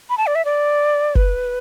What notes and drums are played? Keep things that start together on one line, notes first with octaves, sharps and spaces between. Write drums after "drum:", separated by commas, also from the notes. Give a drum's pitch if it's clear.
B5
A5
D5
E5
D5
B4, drum: kick